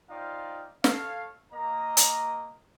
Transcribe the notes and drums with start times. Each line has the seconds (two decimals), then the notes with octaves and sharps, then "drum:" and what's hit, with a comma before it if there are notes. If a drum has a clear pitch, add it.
0.10 D#4 F4 C5 D5 F5 G5
0.84 A4 C#5 F5, drum: snare
1.53 A#3 D#5 A#5
1.97 drum: hi-hat